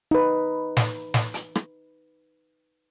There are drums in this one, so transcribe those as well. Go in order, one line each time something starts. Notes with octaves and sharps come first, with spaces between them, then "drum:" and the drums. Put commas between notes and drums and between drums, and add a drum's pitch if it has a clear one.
D#4 B4
drum: snare
drum: snare
drum: hi-hat
drum: rim click